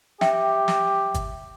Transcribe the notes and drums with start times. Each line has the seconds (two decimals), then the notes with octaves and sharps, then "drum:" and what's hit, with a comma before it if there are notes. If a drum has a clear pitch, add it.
0.21 G4 E5 G5, drum: snare
0.68 drum: snare
1.14 drum: kick G1, hi-hat